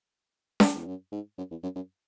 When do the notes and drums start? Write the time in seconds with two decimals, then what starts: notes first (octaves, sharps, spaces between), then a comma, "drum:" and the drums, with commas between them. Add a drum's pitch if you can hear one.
0.60 drum: snare
0.75 E2
0.87 F#2
1.12 G#2
1.38 F#2
1.51 E2
1.63 F#2
1.76 F#2